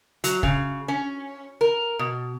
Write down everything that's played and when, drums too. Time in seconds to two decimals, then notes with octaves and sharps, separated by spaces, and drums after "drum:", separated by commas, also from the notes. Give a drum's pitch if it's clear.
0.24 F#3, drum: hi-hat
0.43 C#3, drum: kick
0.88 C#4
1.61 A#4
1.99 B2